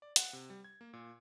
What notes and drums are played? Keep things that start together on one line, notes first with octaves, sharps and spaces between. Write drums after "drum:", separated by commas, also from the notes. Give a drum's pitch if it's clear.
D5
F#5, drum: hi-hat
C3
G3
G#6
A#3
A#2